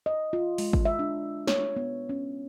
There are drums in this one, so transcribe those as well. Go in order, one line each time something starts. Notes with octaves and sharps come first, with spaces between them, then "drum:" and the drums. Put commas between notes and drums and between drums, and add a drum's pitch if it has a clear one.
D#5
F4
G#3, drum: open hi-hat
drum: kick G#1
E5
D4
C#5, drum: snare
B3
C#4